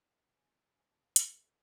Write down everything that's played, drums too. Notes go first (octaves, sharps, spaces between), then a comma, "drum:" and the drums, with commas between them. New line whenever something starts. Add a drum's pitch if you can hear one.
G#5
G#5
A5
F5
E5, drum: hi-hat
A#4
A4